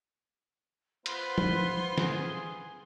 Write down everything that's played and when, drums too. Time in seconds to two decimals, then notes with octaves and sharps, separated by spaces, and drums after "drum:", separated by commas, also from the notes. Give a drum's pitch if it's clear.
1.06 B3 F4 B4 C5 C6, drum: hi-hat
1.38 drum: tom F3
1.98 G#4, drum: snare